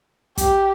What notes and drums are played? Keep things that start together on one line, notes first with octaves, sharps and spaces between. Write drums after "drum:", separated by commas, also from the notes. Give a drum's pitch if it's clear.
G4, drum: kick, hi-hat